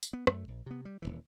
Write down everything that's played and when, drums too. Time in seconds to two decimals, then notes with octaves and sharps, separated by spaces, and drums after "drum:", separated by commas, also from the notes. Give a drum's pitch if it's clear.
0.03 drum: tambourine
0.13 B3
0.27 F#2 A3, drum: rim click
0.48 A#1
0.66 C3 B3
0.85 G3
1.02 D#1 G#1 E3